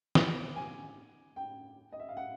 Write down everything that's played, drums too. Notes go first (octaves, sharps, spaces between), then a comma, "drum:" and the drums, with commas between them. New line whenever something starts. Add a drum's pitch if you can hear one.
D6, drum: snare
G#5
G5
D#5
E5
F5
F#5